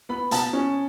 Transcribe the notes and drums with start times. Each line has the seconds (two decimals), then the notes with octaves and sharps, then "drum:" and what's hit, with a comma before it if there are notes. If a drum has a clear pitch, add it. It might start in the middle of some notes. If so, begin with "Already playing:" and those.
0.09 B3 B5
0.31 B2 A5, drum: hi-hat
0.53 C#4